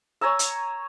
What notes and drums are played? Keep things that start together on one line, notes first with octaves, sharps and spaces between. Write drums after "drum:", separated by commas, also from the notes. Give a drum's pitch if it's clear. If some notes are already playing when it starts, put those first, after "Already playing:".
C#5 G#5 A#5 E6
drum: hi-hat